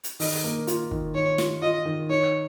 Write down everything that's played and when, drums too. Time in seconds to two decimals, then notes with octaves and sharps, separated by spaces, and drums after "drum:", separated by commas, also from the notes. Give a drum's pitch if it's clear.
0.04 drum: hi-hat
0.20 D#3 D#5, drum: open hi-hat
0.44 A#3
0.67 F4, drum: hi-hat
0.91 D#3, drum: kick
1.14 D#3 C#5
1.38 F4, drum: snare
1.62 F4 D#5
1.85 D#3
2.09 D#4 C#5